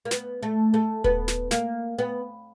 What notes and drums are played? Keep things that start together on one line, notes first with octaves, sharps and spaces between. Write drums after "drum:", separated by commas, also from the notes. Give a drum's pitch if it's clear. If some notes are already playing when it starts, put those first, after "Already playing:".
A#3
B3, drum: snare
A3
A3
B3, drum: kick D#1
drum: snare
A#3, drum: snare
B3